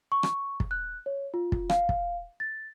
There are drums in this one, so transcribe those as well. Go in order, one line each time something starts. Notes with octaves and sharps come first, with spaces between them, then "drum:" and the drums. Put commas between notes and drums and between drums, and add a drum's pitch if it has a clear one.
C#6
drum: rim click
drum: kick
F#6
C#5
F4
drum: kick
F5, drum: rim click
drum: kick
A6